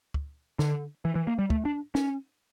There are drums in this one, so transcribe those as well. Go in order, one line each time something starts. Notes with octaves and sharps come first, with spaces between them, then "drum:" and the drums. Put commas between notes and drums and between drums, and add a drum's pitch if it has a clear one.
drum: kick
D3, drum: snare
E3
E3
A#3
G3
A3, drum: kick
D4
C#4, drum: snare